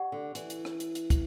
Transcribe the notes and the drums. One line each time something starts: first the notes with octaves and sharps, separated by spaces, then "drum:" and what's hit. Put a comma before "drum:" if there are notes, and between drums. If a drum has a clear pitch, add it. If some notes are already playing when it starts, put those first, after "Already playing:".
Already playing: G4 D5 F#5 C#6
D3
E3, drum: hi-hat
drum: hi-hat
drum: rim click
drum: hi-hat
drum: hi-hat
drum: kick, hi-hat